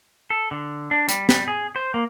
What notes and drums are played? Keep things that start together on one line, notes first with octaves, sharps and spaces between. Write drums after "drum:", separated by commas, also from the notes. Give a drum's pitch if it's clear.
A4
D3
D4
G3, drum: hi-hat
G3, drum: snare
G#4
C5
A#3